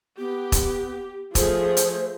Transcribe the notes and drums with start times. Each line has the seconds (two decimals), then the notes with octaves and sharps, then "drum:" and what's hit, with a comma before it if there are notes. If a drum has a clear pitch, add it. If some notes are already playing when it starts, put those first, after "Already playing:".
0.19 B3 G4
0.52 drum: kick E1, hi-hat
1.35 F3 A3 G#4 C5, drum: kick E1, hi-hat
1.77 drum: hi-hat